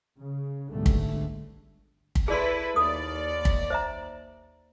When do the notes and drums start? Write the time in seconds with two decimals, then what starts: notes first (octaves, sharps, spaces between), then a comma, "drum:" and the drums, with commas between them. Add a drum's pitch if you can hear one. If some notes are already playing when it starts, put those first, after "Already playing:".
0.17 C#3
0.70 C#2 G#2 B2 D3 G3 A3
0.86 drum: kick
2.15 drum: kick
2.28 E4 G#4 A4 B4 D5 C6
2.76 D#2 A4 D5 D#6
3.45 drum: kick
3.70 C5 E5 A#5